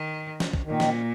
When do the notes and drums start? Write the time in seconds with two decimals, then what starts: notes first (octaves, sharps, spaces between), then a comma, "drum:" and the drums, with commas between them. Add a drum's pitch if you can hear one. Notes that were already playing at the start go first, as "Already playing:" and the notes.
Already playing: D#3
0.40 drum: snare
0.54 drum: kick
0.66 A#2 D#3
0.80 drum: snare